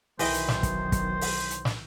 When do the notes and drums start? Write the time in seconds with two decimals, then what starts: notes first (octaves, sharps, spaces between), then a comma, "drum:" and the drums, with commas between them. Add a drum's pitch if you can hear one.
0.19 B1 D#3 E3 F#3 C5 D#5 G5, drum: open hi-hat
0.34 drum: hi-hat
0.48 drum: snare
0.63 drum: kick, hi-hat
0.92 drum: kick, hi-hat
1.21 drum: open hi-hat
1.51 drum: hi-hat
1.65 drum: snare